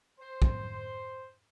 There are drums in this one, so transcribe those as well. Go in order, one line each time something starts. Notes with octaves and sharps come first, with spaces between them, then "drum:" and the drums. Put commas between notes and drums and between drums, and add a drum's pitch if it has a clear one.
C5
drum: kick